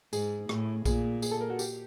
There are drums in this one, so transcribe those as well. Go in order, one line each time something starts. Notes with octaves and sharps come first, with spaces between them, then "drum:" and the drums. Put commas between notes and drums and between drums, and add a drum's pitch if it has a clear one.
G#2 G#4, drum: tambourine
A2, drum: rim click
A#2 G#4, drum: kick A#1, tambourine
G#4, drum: tambourine
A4
A#4
F#4
G4, drum: tambourine